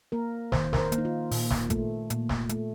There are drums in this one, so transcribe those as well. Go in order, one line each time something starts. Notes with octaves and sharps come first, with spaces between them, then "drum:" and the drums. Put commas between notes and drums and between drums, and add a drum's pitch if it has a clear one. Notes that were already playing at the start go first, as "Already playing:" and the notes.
A#3 A#4
D#3 C5, drum: snare
A#4, drum: snare
C5
A#3, drum: hi-hat
D#4
F4
A#2, drum: open hi-hat
drum: snare
A3, drum: kick, hi-hat
A#2, drum: hi-hat
drum: snare
A3, drum: hi-hat